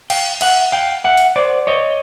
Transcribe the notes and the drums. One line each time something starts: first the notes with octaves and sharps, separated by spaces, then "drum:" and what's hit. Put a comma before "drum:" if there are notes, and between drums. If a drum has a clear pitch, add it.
F5 G5, drum: cymbal
E5 F#5, drum: cymbal
F5 G5
E5 F#5
drum: open hi-hat
C5 D5
C#5 D#5